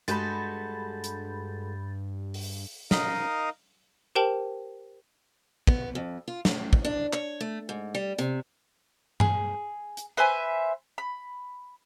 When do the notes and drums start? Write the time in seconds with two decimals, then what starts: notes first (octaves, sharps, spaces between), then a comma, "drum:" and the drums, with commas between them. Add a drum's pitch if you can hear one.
0.08 G2 G#3 F#4 A4 B5 G6 A6, drum: hi-hat
1.04 drum: hi-hat
2.34 drum: open hi-hat
2.91 D#4 A#4 D#5 F5, drum: snare
4.15 G4 A#4 C5 G5 A5 F#7
5.67 B3, drum: kick
5.95 F2
6.28 F4
6.45 A2, drum: snare
6.73 drum: kick
6.85 D4
7.13 C#5, drum: clap
7.41 A3
7.69 G#2
7.95 G3
8.18 C3, drum: hi-hat
9.20 G#4, drum: tom G2
9.97 drum: hi-hat
10.17 B4 C5 E5 G#5
10.98 B5